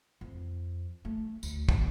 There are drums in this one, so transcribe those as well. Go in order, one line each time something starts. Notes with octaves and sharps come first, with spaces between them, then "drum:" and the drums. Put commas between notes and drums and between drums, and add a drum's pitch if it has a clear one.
F2
A3
D2, drum: tambourine
drum: kick